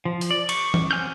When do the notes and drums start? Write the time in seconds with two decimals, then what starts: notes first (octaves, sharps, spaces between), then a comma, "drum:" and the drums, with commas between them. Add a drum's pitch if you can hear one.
0.05 F3
0.21 drum: open hi-hat
0.31 D5
0.49 C#6 D6, drum: cymbal
0.74 drum: tom E3
0.91 F#3 C4 G#5 F6 G6